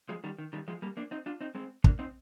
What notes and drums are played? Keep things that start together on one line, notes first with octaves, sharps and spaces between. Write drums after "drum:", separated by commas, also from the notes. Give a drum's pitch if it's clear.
F3 G#3
D#3 G3
D#3
D#3 G3
F3 G#3
G3 A#3
A#3 D4
C4 D#4
D4 F4
C4 D#4
G#3 C4
A#3 D4, drum: kick
C4 D#4